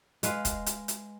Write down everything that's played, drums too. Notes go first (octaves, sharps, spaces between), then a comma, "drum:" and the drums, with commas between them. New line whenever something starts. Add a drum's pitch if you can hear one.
G#3 B4 F5, drum: hi-hat
drum: kick, hi-hat
drum: hi-hat
drum: hi-hat